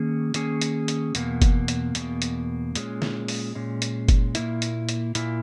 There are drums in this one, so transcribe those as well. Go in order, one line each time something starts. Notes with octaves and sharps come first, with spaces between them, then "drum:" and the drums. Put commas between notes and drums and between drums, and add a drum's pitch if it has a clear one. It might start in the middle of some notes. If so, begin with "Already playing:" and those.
Already playing: D#3 A#3 C#4 G#4
D#3 A#3 C#4 G#4, drum: hi-hat
drum: hi-hat
drum: hi-hat
E2 B2 A#3, drum: hi-hat
drum: kick F#1, hi-hat
drum: hi-hat
E2 B2 A#3, drum: hi-hat
drum: hi-hat
A#2 G#3 C#4, drum: hi-hat
drum: snare
drum: open hi-hat
A#2 G#3 C#4
drum: hi-hat
drum: kick F#1, hi-hat
A#2 A#3 E4, drum: hi-hat
drum: hi-hat
drum: hi-hat
A#2 A#3 E4, drum: hi-hat